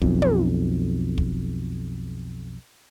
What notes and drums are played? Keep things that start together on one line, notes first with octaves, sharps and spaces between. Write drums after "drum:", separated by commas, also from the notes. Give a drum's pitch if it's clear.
B1 F2, drum: kick
drum: tom
drum: kick